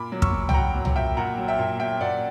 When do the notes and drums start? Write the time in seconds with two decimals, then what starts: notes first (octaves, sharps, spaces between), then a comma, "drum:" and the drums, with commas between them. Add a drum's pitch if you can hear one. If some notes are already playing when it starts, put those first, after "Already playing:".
Already playing: A#2 B5 D6
0.12 F#3
0.22 C#6 E6, drum: kick
0.33 F#3
0.49 G5, drum: tom C2
0.54 F#3 F#5 A#5
0.75 F#3
0.85 drum: tom C2
0.96 A#2 E5 G5
1.17 A#2 F#5 A#5
1.38 F#3
1.48 E5 G5
1.59 A#2
1.79 F#3 E5 G5
2.01 A#2 D5 F#5